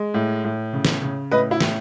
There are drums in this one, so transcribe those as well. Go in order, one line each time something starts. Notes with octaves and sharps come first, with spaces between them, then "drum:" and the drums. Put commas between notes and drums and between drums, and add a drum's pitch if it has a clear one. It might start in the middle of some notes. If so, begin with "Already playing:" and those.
Already playing: G#3
A2
A2
C#3
drum: snare
C#3
A2 B4 D#5
E4
A2, drum: snare